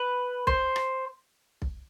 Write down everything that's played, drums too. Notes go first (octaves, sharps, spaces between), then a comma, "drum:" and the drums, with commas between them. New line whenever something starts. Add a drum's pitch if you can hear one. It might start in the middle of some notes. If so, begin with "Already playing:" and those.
Already playing: B4
C5, drum: kick B1
drum: rim click
drum: kick B1